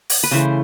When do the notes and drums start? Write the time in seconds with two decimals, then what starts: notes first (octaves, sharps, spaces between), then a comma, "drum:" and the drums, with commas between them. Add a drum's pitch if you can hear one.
0.10 drum: open hi-hat
0.23 B4
0.31 C#3 E3 A3 C5